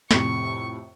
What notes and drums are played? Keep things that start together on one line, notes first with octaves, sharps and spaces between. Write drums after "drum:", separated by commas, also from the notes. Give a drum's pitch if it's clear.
F2 A2 C3 C#6, drum: snare